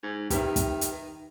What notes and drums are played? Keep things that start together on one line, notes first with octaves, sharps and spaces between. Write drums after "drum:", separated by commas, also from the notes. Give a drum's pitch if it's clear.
G#2
D#3 G4 B4 E5, drum: kick, hi-hat
drum: kick, hi-hat
drum: hi-hat